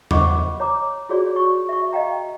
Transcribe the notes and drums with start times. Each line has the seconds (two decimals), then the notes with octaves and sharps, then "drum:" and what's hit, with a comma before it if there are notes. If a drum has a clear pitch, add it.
0.11 D#5 F#5 B5 C#6 D6, drum: tom E2
0.60 C#5 A#5 D6
1.09 F4 F#4 G#4 C#5 D5
1.36 C#6
1.69 E5 C#6
1.93 D#5 F5 G5 A#5